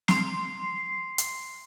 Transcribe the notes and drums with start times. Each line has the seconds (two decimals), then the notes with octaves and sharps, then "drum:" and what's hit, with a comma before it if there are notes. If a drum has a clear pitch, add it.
0.08 C6 C7, drum: snare
1.18 drum: hi-hat